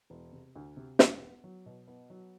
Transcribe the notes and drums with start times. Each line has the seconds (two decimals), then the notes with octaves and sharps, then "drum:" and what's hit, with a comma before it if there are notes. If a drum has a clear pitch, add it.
0.10 E1
0.32 C3
0.55 D2
0.77 C3
0.99 E1, drum: snare
1.21 B3
1.44 F#3
1.66 B2
1.88 B3
2.10 F#3